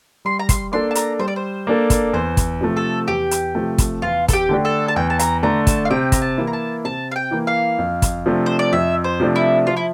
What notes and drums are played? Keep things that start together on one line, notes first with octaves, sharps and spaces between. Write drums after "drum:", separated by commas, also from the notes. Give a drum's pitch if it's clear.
G3 C6
A#5
C6, drum: kick, hi-hat
A#3 D4 A4 C6
A5
A#5, drum: hi-hat
G3 C5
D5
C5
A#3 D4 A4
drum: kick, hi-hat
E2 C5
drum: kick, hi-hat
C3 F3 A3
A4
E2 G4
drum: hi-hat
C3 F3 A3
drum: kick, hi-hat
E2 F4
A4, drum: kick, hi-hat
G4
D3 A3 D4
A4
A5
E2 G5
A5
A#5, drum: hi-hat
D3 A3 D4 A#5
A5, drum: kick, hi-hat
F5
C3 G5
A#5, drum: kick, hi-hat
A5
E3 A#3 E4
A#5
A5
C3 A5
F5
G5
E3 A#3 E4
F5
F2
drum: kick, hi-hat
C3 F3 A3 D4
C5
D5
F2 E5
C5
C3 F3 A3 D4
E4
F3 F4
E4